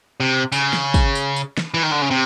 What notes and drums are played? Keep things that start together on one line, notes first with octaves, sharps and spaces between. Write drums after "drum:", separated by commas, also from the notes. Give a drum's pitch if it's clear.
C3
C#3, drum: tambourine
drum: snare
drum: kick, tambourine
drum: tambourine
drum: tambourine
drum: snare
E3
D#3
D3
C#3
C3